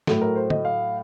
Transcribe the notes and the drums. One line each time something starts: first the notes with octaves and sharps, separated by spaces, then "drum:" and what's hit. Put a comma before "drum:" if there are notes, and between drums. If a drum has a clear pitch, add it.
A2 F#3 A3 A4, drum: snare
A#4
C5
D#5, drum: tom
F5